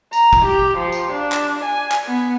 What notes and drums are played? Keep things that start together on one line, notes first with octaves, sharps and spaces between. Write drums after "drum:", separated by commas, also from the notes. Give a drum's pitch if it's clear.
A#5, drum: tambourine
drum: kick
G4
F3
drum: tambourine
D4
drum: clap
G#5
drum: clap
B3